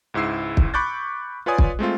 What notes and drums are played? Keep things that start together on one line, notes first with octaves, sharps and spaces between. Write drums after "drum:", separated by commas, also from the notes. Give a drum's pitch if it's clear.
C#2 G#2 E4 E6 C7
drum: kick
B5 C#6 D6 F#6 G6 A6
F4 B4 C#5 D5 G#5 D#6
drum: kick
G#3 A3 C4 F4